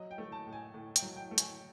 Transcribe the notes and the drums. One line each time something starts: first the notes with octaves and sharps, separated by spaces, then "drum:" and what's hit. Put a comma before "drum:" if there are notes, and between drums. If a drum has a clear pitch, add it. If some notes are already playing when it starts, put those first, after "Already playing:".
Already playing: F#3 D#5
G5
A3
A5
A2
G#5
A2
G5, drum: hi-hat
F#3
G5
A3
G#5, drum: hi-hat